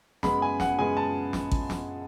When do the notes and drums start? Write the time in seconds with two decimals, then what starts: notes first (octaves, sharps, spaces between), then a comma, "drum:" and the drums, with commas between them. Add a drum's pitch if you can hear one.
0.23 F#2 C#3 G#3 B3 B5, drum: snare
0.42 G#5
0.60 F#5, drum: snare
0.78 F#2 C#3 G#3 B3 G#5
0.97 A5
1.33 drum: snare
1.51 drum: kick A1
1.70 drum: snare